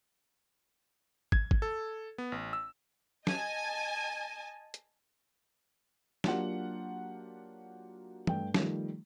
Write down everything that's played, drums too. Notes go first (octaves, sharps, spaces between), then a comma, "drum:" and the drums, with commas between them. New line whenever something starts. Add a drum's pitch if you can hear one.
G#6, drum: kick
drum: kick
A4
B3
A1
E6
D#5 G#5 A5, drum: snare
drum: hi-hat
F#3 A#3 D4 F4 G4 F#5, drum: snare
G2 A3 G5, drum: tom
D#3 F3 G3 A3, drum: snare